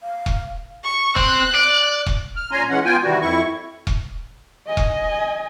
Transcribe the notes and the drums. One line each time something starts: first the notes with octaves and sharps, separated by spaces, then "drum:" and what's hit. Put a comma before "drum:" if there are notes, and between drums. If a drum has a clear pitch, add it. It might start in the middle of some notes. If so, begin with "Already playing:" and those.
F5
drum: kick E1
C#6
C4 F#6, drum: kick E1
D5
drum: kick E1
F6
A#2 C#4 G#5 A#5 C6
E3 G#3 C#4 F#5
B3 F4 G5 G#5
C3 D#3 E3 G3 F#4
F2 E4 C#6
drum: kick E1
D#5 G#5
drum: kick E1